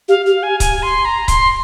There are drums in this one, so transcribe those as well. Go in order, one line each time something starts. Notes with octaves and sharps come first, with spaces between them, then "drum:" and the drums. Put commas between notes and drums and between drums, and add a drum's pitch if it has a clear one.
G4 F5
G4 F5
G#5
G#5, drum: kick C#1, hi-hat
C6
A#5
C6, drum: kick C#1, hi-hat